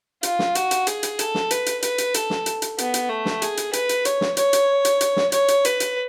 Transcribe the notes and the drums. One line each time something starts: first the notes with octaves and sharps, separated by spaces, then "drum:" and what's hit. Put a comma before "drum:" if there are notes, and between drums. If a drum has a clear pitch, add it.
F4, drum: hi-hat
drum: snare
F#4, drum: hi-hat
drum: hi-hat
G#4, drum: hi-hat
drum: hi-hat
A4, drum: hi-hat
drum: snare
B4, drum: hi-hat
drum: hi-hat
B4, drum: hi-hat
drum: hi-hat
A4, drum: hi-hat
drum: snare
drum: hi-hat
drum: hi-hat
B3, drum: hi-hat
drum: hi-hat
A3
drum: snare
G#4, drum: hi-hat
drum: hi-hat
B4, drum: hi-hat
drum: hi-hat
C#5, drum: hi-hat
drum: snare
C#5, drum: hi-hat
drum: hi-hat
drum: hi-hat
drum: hi-hat
drum: snare
C#5, drum: hi-hat
drum: hi-hat
B4, drum: hi-hat
drum: hi-hat